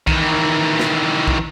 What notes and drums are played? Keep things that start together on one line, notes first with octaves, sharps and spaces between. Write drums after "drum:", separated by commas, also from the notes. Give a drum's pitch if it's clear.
D#3 E3, drum: kick B1
drum: snare
drum: kick B1